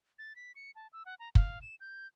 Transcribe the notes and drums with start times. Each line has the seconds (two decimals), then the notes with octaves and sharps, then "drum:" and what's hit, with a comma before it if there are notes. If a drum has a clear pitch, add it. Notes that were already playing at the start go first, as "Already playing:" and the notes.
0.19 A6
0.36 B6
0.56 C#7
0.76 A5
0.93 E6
1.06 F#5
1.20 A#5
1.35 F5, drum: kick
1.62 E7
1.81 G6